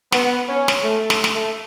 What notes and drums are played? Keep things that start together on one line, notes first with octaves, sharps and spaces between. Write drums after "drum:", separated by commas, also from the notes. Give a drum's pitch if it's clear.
B3, drum: snare
C#4
drum: snare
A3
drum: snare
drum: snare
A3